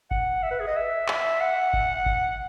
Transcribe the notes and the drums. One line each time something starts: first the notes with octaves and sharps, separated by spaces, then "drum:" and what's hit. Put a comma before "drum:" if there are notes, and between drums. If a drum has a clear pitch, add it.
F#5, drum: kick G1
E5
B4
G#4
D#5
E5
drum: clap
F#5
drum: kick G1
drum: kick G1